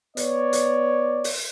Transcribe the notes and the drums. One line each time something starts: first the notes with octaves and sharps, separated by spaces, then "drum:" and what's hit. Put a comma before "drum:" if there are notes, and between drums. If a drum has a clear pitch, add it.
B3 C#5 D5, drum: hi-hat
drum: hi-hat
drum: open hi-hat